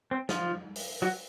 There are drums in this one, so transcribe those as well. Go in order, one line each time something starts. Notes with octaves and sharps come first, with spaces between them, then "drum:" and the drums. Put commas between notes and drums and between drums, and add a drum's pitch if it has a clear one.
C4
F3 F4, drum: snare
drum: open hi-hat
F#3 F#4